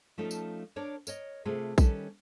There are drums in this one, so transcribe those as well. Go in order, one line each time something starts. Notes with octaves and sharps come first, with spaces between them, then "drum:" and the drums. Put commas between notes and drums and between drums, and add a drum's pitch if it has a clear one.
F3 A3 C#4 D#4 F4 A4
drum: tambourine
D4 A#4 C#5 D5
A#4 C#5 D#5, drum: tambourine
C3 A3 F4 G#4
D#3 G3 C#4 A4 B4, drum: kick A#1, tambourine